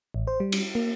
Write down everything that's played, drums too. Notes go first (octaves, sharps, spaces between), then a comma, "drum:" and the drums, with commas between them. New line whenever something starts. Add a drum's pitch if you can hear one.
A1
C5
G3
drum: cymbal
A#3